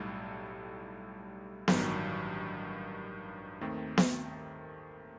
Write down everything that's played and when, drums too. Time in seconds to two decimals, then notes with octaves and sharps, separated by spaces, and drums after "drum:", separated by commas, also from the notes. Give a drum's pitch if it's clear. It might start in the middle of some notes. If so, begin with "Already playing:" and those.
Already playing: B1 A2 G3 D#4 A4
1.68 A1 G2 D#3 F#3, drum: snare B3
3.61 D#2 D#3 A3 C4
3.98 drum: snare B3